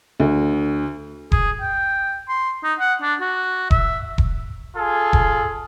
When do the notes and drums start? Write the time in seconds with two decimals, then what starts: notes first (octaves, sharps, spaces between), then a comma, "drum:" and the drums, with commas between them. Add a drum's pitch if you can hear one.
0.20 D2
1.32 G#4, drum: kick E1
1.61 G5
2.29 C6
2.64 D#4
2.79 F#5
3.02 D4
3.21 F#4
3.71 E5, drum: kick E1
4.18 drum: kick E1
4.77 F4 G#4 A4
5.13 drum: kick E1